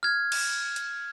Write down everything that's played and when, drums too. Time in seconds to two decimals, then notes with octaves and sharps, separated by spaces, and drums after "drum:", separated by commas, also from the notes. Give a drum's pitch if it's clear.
0.03 F6 G#6
0.32 drum: cymbal
0.76 drum: hi-hat